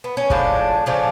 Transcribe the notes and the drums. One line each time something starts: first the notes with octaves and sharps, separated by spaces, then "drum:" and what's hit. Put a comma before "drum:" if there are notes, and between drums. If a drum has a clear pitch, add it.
B3
C#4
A2 F3 G#3 D4, drum: kick
C#3 F3 A3 D4